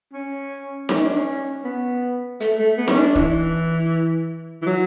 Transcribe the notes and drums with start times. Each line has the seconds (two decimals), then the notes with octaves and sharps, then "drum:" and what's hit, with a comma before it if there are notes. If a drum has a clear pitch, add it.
0.13 C#4
0.89 C#4, drum: snare D#4
1.03 D4
1.16 C#4
1.65 B3
2.40 A3, drum: hi-hat
2.59 A3
2.78 B3
2.88 C#4, drum: snare D#4
2.97 D4
3.15 E3, drum: kick
4.62 E3
4.66 F#3